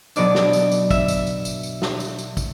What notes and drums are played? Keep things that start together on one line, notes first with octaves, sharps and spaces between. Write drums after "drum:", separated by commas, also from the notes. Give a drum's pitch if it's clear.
B2 F#3 B3 D4 D5, drum: tambourine
drum: snare
drum: tambourine
drum: tambourine
E5, drum: kick, tambourine
drum: tambourine
drum: tambourine
drum: tambourine
drum: tambourine
drum: snare
drum: tambourine
drum: tambourine
drum: kick, tambourine